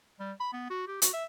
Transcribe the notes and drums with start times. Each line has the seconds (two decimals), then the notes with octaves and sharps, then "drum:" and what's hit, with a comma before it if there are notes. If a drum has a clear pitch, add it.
0.20 G3
0.40 B5
0.53 B3
0.70 F#4
0.87 G4
1.02 F#4, drum: hi-hat
1.13 E5